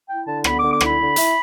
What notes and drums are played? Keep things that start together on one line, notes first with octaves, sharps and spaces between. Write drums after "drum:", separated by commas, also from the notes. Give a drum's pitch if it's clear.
E4 G5
D3 A5
B3 B5, drum: rim click
D3 D6
D6
E4 B5, drum: rim click
D3
E4, drum: hi-hat